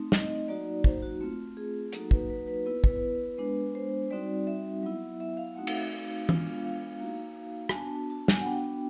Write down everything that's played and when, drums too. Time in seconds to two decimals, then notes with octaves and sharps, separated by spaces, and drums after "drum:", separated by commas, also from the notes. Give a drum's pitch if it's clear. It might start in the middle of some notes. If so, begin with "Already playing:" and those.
Already playing: A3 C4 D#4
0.12 D#5, drum: snare
0.48 F#3 A#3 D#4 F#4 D5
0.84 C5, drum: kick
1.03 F#4
1.21 A3 C4 F4
1.57 G#4
1.92 F#3 A#3 D#4 F#4 A4, drum: hi-hat
2.11 B4, drum: kick
2.30 B4
2.47 B4
2.66 B3 E4 B4
2.84 B4, drum: kick
3.38 G#3 B3 D4
3.75 C5
4.11 G3 C4 D#4 F#4 D5
4.47 E5
4.83 F#3 B3 E4
5.20 E5
5.37 F5
5.55 A3 C4 D#4 F#4 F#5
5.67 F5, drum: cymbal
5.74 E5
5.92 F5
6.29 G#3 B3 D4 F4, drum: tom E3
6.65 F5
7.01 A#3 D#4 F#4
7.69 G#5, drum: rim click
7.73 B3 D4 F#4 A5
8.10 A5
8.28 G#5, drum: snare
8.41 F#5
8.46 B3 D4 F#4 G5